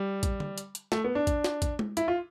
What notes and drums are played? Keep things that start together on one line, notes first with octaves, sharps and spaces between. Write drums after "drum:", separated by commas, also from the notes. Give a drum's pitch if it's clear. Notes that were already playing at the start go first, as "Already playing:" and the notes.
Already playing: G3
drum: kick A1, hi-hat
drum: tom
drum: hi-hat
drum: hi-hat
A3, drum: snare
B3
D4
drum: kick A1, hi-hat
drum: snare
drum: kick A1, hi-hat
drum: tom G#3
E4, drum: hi-hat
F4